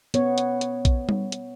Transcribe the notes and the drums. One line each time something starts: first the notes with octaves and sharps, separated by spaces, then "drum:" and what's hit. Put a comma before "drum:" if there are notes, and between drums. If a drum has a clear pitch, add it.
B3 C#5, drum: hi-hat
drum: hi-hat
drum: hi-hat
drum: kick, hi-hat
drum: tom G3
drum: hi-hat